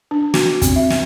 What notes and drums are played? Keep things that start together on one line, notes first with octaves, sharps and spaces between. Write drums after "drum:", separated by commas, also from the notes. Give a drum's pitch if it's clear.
D4
F#4, drum: snare
C4, drum: kick, hi-hat
E5
drum: snare